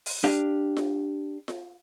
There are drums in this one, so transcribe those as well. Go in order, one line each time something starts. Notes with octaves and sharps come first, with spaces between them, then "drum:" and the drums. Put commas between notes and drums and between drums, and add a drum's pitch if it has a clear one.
drum: open hi-hat
D4 G4 F5
drum: snare F4
drum: snare F4